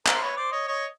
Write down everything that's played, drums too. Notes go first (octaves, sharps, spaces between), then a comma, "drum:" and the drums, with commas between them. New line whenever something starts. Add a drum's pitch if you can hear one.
A#4 C5, drum: clap
B4 C#5
C5 D5
C#5 D#5
C#5 D#5